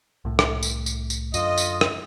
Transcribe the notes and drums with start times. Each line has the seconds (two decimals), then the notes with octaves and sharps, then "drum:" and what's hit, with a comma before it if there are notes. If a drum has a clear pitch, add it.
0.25 C2 A2
0.39 drum: rim click
0.63 drum: tambourine
0.86 drum: tambourine
1.10 drum: tambourine
1.34 F#2 D3 F4 D#5, drum: tambourine
1.58 drum: tambourine
1.81 drum: rim click